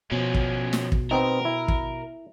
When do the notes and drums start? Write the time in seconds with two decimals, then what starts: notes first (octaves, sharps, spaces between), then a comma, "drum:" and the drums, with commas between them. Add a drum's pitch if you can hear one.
0.12 B2 F3 C#4
0.34 drum: kick
0.73 drum: snare
0.92 drum: kick
1.11 B3 C4 D#4 A#4
1.45 E4
1.68 drum: kick